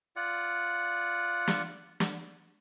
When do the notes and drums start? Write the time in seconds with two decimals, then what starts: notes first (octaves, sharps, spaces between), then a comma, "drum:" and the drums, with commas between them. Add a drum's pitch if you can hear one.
0.16 F4 D5 F#5
1.48 drum: snare
2.00 drum: snare